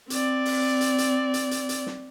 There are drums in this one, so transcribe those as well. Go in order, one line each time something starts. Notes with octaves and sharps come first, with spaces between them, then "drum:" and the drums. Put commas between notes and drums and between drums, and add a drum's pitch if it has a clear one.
C4 D5, drum: hi-hat
drum: open hi-hat
drum: hi-hat
drum: hi-hat
drum: hi-hat
drum: hi-hat
drum: hi-hat
drum: snare